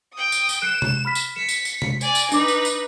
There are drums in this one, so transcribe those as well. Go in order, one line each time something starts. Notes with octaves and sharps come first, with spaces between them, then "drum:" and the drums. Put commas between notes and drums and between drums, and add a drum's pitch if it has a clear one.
G5 D#6
drum: tambourine
drum: tambourine
F#6 C7 C#7 E7
drum: tom C3
B5 F6 B6
drum: tambourine
B6 C#7 E7
drum: tambourine
drum: tambourine
drum: tom C3
D5 G#5, drum: tambourine
drum: tambourine
D4 D#4 B4 D6, drum: tambourine
drum: tambourine
drum: tambourine